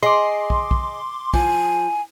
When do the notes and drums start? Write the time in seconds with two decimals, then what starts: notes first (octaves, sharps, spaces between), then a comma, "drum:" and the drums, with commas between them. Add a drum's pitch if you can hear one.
0.03 G#4 D#5 C6 D6
0.50 drum: kick
0.71 drum: kick
1.34 F3 G#5, drum: kick